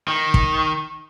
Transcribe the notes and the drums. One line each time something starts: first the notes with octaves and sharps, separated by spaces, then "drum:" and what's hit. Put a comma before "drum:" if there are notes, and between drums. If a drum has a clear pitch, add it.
D#3
drum: kick